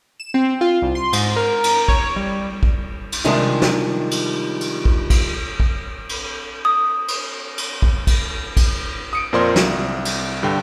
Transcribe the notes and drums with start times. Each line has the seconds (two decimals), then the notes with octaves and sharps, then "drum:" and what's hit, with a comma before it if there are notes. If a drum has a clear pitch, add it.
0.20 E7
0.34 C4
0.61 F4
0.82 C2
0.95 C6
1.13 G#2, drum: cymbal
1.36 A#4
1.64 drum: cymbal
1.88 C#5, drum: kick
2.16 G3
2.63 drum: kick
3.12 drum: cymbal
3.24 C3 D#3 F3 G3 G#3 D4
3.62 drum: snare
4.11 drum: cymbal
4.61 drum: cymbal
4.85 drum: kick
5.10 drum: kick, cymbal
5.60 drum: kick
6.09 drum: cymbal
6.65 D#6
7.08 drum: cymbal
7.58 drum: cymbal
7.82 drum: kick
8.07 drum: kick, cymbal
8.57 drum: kick, cymbal
9.13 D#6 C#7 D7
9.33 F2 A#2 A#4 C5 D5 C6
9.56 C2, drum: snare
10.05 drum: cymbal
10.43 G2 D3 G5